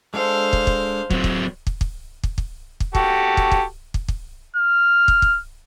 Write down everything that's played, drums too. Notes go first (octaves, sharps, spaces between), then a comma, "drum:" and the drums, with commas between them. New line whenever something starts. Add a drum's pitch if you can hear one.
G#3 D4 A4 C5 F5
drum: kick
drum: kick
F#3 C4, drum: kick
drum: kick
drum: kick
drum: kick
drum: kick
drum: kick
drum: kick
F#4 G4 A4, drum: kick
drum: kick
drum: kick
drum: kick
drum: kick
F6
drum: kick
drum: kick